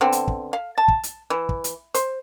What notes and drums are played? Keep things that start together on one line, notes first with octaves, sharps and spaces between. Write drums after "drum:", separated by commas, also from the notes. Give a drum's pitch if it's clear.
D3 B3 C4
drum: hi-hat
drum: kick
F5
A5
drum: kick
drum: hi-hat
E3
drum: kick
drum: hi-hat
C5, drum: hi-hat